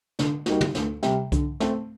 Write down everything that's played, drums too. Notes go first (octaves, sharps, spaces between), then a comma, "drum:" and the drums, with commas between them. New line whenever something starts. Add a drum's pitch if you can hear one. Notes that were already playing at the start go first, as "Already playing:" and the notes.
D3, drum: snare
G3 A#3 D#4 F#4, drum: snare
drum: tom
D2, drum: snare
C3 G3, drum: snare
D3, drum: kick C2, hi-hat
A3 C4, drum: snare